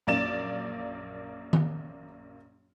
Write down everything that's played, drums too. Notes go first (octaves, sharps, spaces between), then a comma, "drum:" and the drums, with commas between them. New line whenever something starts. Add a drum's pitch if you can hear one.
A#1 F#2 A#3 D5 A6 E7
drum: tom D#3